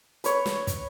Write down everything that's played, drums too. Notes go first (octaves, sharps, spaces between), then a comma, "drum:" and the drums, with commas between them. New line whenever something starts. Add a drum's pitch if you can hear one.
B4 C#5, drum: hi-hat
drum: snare
drum: kick, hi-hat